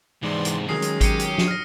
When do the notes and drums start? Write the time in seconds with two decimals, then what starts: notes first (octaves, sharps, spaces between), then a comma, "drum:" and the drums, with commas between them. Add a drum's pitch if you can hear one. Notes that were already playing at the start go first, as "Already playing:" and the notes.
0.23 E2 G#2 C3 E3 D5 C6
0.45 drum: hi-hat
0.69 D#3 F#3 G#3 C#4 D#6 C7
0.82 drum: hi-hat
1.01 G4 G5 C7 C#7 D#7, drum: kick G#1, hi-hat
1.20 drum: hi-hat
1.38 drum: snare
1.48 F6 A#6